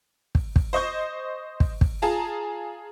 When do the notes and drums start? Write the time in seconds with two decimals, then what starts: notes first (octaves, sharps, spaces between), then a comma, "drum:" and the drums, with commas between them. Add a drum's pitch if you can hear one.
0.35 drum: kick
0.56 drum: kick
0.73 C5 D#5 C#6 G6
1.60 drum: kick
1.81 drum: kick
2.02 F4 G#4 A5 A#5